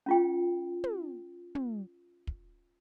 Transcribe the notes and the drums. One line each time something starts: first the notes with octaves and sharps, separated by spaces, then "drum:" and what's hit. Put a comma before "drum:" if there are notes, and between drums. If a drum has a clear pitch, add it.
C#4 F4 G5
drum: tom
drum: tom
drum: kick